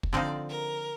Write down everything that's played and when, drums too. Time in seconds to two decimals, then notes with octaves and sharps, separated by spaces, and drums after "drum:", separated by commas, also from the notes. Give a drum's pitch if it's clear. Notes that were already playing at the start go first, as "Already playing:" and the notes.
0.03 drum: kick
0.13 D3 F3 C4 D#4 D5
0.49 A#4